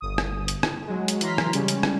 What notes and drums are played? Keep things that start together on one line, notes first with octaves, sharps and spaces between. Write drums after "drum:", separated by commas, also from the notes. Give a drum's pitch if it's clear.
G1 D#6
drum: rim click
drum: hi-hat
drum: rim click
F#3 G#3
drum: hi-hat
E3 F#3 A#5 C6 F6 B6, drum: hi-hat
drum: rim click
C#3 G3 G#3 C#4, drum: hi-hat
drum: hi-hat
drum: rim click